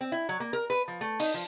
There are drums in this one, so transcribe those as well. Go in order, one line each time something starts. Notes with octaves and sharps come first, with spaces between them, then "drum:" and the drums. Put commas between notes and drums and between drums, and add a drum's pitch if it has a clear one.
C4
E4
F#3
A#3
A#4
B4
F3
A3
D#4, drum: open hi-hat
F3